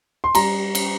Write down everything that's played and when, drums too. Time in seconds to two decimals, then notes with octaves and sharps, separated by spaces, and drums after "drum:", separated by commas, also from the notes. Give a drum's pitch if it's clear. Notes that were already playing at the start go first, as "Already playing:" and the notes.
0.24 C6
0.35 G3 A#5, drum: cymbal
0.75 drum: cymbal